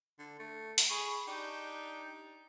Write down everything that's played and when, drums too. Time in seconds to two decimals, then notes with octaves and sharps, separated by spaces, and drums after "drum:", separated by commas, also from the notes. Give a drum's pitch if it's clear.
0.19 D3
0.39 A3
0.78 drum: open hi-hat
0.90 G#4 B5 C#6
1.28 D4 D#4 G4